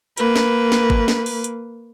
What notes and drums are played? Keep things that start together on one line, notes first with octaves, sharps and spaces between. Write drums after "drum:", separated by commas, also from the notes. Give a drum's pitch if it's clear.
A#3 B4, drum: hi-hat
drum: snare
drum: snare
drum: kick G1
drum: snare
drum: open hi-hat
drum: hi-hat